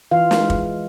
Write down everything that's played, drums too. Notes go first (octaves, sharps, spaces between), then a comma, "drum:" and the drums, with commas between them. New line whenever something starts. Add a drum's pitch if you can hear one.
E3 F4 F5
drum: snare
G#3
drum: kick